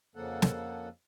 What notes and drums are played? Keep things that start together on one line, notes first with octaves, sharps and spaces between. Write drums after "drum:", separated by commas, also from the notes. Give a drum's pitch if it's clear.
F2 C#3 F3 A#3 A4 F#5
drum: snare